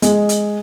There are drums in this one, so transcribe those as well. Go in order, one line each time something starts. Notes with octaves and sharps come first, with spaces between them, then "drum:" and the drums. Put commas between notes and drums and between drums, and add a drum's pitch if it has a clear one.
G#3, drum: hi-hat
drum: hi-hat